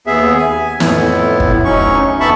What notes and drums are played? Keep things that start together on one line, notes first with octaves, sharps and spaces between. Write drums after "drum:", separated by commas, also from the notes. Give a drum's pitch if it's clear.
D#2 B3 G#4 E5
G#5
F2 A2 B3 E4, drum: snare
drum: kick
D2 F#3 C#4 D#4 C#6
F2 B3 E5 A5 B5 C#6